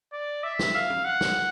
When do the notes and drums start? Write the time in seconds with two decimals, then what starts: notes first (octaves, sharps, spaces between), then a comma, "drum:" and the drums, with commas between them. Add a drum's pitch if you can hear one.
0.13 D5
0.44 E5
0.59 drum: snare
0.75 F5
0.90 drum: tom
1.05 F#5
1.21 drum: snare